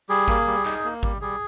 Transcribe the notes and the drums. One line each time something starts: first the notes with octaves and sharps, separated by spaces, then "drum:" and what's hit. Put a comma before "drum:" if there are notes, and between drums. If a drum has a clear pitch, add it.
G3 G#4
A#3, drum: kick G#1
G3
D#4, drum: clap
A#3
G3, drum: kick G#1
G3 G#4